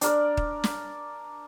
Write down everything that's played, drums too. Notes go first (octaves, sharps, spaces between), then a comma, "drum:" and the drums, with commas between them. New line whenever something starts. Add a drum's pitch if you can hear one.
D4 A#4 D5, drum: hi-hat
drum: kick
drum: snare